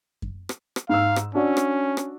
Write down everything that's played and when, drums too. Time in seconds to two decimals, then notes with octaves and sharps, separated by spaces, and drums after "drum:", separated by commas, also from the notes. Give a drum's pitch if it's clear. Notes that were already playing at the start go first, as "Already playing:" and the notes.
0.22 drum: kick F#2
0.49 drum: rim click
0.76 drum: rim click
0.89 G#2 F5 E6
1.16 drum: rim click
1.35 C#4 D4 F#4 D5
1.57 drum: rim click
1.97 drum: rim click